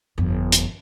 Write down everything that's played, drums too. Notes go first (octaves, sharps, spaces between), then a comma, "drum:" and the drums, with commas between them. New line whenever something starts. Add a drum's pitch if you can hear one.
G1 F2
drum: hi-hat